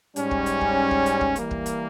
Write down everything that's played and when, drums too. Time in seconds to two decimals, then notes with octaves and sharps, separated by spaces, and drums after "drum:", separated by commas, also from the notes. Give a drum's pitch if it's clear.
0.16 G#2 G3 C#4, drum: hi-hat
0.31 drum: kick
0.46 drum: hi-hat
0.61 drum: kick
0.91 drum: kick
1.06 drum: hi-hat
1.21 drum: kick
1.36 E3 G3 A#3, drum: hi-hat
1.51 drum: kick
1.66 drum: hi-hat